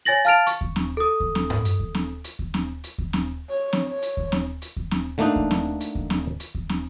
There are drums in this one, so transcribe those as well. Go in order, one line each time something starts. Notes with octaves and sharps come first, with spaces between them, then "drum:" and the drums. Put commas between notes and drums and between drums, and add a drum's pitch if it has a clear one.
C#5 G#5 A6 A#6 F#7
F5 A5 F6 A6 D7 F7
C#6, drum: hi-hat
drum: kick D#2
drum: snare
A4 D#6
drum: kick D#2
drum: snare
drum: tom G2
drum: hi-hat
drum: kick D#2
drum: snare
drum: hi-hat
drum: kick D#2
drum: snare
drum: hi-hat
drum: kick D#2
drum: snare
C#5
drum: snare
C#5
drum: hi-hat
drum: kick D#2
drum: snare
drum: hi-hat
drum: kick D#2
drum: snare
D3 A3 A#3 D4 D#4
drum: kick D#2
drum: snare
drum: hi-hat
drum: kick D#2
drum: snare
drum: hi-hat
drum: kick D#2
drum: snare